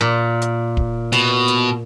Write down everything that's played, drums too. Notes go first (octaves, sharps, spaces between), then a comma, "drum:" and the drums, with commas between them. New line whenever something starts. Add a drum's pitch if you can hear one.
A#2
drum: hi-hat
drum: kick
B2, drum: hi-hat
drum: hi-hat